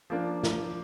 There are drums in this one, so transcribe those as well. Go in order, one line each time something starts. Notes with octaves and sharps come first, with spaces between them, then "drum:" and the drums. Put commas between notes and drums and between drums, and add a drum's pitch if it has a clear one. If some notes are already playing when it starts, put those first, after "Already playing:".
F3 A#3 D4
drum: snare